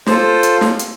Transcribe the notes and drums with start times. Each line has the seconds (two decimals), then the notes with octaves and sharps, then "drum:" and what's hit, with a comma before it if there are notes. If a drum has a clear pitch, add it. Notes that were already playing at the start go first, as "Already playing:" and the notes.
0.06 F4 A4 C5, drum: snare
0.43 drum: hi-hat
0.61 drum: snare
0.79 drum: hi-hat